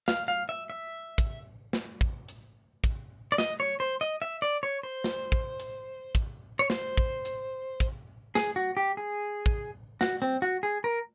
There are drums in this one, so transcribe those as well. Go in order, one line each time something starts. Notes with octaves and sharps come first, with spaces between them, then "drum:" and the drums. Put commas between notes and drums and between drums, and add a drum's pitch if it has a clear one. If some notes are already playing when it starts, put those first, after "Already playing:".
F5, drum: snare
F5
E5
E5
drum: kick, hi-hat
drum: snare
drum: kick
drum: hi-hat
drum: kick, hi-hat
D5
D#5, drum: snare
C#5
C5
D#5
E5
D5
C#5
C5
drum: snare
drum: kick
drum: hi-hat
drum: kick, hi-hat
C#5
C5, drum: snare
drum: kick
drum: hi-hat
drum: kick, hi-hat
G#4, drum: snare
F#4
G4
G#4
drum: kick
F#4, drum: snare
C4
F#4
G#4
A#4